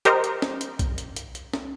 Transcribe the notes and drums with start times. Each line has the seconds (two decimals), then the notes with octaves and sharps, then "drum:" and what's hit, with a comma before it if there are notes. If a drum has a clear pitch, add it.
0.05 G4 A#4 C5 D#5 A#5, drum: hi-hat
0.24 drum: hi-hat
0.42 drum: snare
0.61 drum: hi-hat
0.79 drum: kick B1, hi-hat
0.98 drum: hi-hat
1.16 drum: hi-hat
1.35 drum: hi-hat
1.53 drum: snare